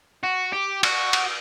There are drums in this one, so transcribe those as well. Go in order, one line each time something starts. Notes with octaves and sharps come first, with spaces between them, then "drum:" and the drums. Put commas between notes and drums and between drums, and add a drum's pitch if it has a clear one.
F#4
G4
F#4, drum: cymbal
drum: cymbal